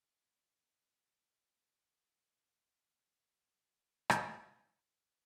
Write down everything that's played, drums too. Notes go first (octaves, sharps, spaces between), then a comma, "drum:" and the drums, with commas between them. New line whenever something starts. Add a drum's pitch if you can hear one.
A5 B5 C6 D#6 F#6 G6
A#5 D#6 E6 F#6
G4
G1
F#5
E5 G5 A5
E4
drum: rim click
C#7 E7